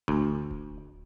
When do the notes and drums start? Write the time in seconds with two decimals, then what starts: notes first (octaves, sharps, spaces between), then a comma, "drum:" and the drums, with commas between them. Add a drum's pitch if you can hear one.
0.08 D2, drum: kick D1
0.51 drum: kick D1